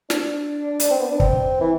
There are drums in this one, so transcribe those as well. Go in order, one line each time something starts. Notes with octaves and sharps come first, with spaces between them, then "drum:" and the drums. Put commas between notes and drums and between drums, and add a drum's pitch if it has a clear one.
D4, drum: snare
drum: hi-hat
C4
B3
D4
C4, drum: kick
E3